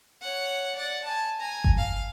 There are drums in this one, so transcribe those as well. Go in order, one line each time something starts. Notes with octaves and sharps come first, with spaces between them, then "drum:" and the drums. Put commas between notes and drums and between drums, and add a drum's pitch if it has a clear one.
C#5 F#5
D5 F#5
G#5 A5
G#5 A#5
drum: kick G1
F5